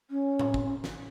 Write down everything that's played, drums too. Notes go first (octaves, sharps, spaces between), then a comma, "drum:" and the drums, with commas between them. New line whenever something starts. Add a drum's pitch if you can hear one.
C#4
drum: tom A2
drum: kick G#1
drum: snare